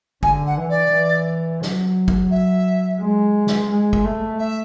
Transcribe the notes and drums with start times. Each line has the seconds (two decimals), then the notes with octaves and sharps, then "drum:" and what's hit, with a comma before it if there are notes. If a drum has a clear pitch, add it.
0.23 D3 G#5, drum: kick
0.46 F#5
0.57 E3
0.69 D5
0.92 E3
1.62 F#3, drum: snare
2.08 drum: kick
2.30 E5
3.00 G#3
3.47 drum: snare
3.70 G#3
3.93 drum: kick
4.04 A3
4.39 E5